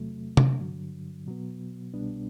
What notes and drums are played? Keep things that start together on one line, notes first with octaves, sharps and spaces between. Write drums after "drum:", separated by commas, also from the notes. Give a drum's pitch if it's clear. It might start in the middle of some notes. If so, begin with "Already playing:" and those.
Already playing: E2 C3 F#3 A3
drum: tom C3
G2 D3 F#3
B2 F#3 B3
C2 B2 G3 B3 D4